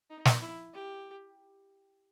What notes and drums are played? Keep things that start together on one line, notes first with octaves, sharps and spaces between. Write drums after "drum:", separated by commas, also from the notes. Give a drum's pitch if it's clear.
D#4
drum: snare
E4
G4